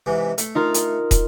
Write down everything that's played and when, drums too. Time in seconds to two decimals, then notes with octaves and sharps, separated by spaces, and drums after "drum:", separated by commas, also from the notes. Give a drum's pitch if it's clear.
0.06 G#2 C3 E3
0.38 A3, drum: hi-hat
0.55 D#4 F4 A#4
0.74 drum: hi-hat
1.11 drum: kick, hi-hat